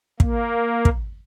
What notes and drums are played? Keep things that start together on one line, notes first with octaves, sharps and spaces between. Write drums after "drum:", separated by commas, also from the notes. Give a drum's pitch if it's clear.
A#3, drum: kick
drum: kick